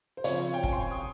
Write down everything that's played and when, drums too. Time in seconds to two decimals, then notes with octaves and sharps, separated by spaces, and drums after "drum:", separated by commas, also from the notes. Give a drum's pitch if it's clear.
0.17 C5
0.24 C#3 F3 C4 C#5, drum: hi-hat
0.35 F5
0.54 G5
0.63 G#5, drum: kick
0.72 C6
0.83 C#6
0.91 D#6